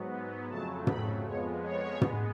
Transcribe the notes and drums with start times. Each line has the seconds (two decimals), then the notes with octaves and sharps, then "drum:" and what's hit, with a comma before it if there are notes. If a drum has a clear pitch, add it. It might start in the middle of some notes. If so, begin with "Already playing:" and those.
Already playing: G#2 F#3 B3
0.48 F2 C#3 F#3 A3 A5
0.87 B5, drum: tom
1.25 F2 F3 G#3 B3 C#5
1.64 C#5
2.01 G#3 B3, drum: tom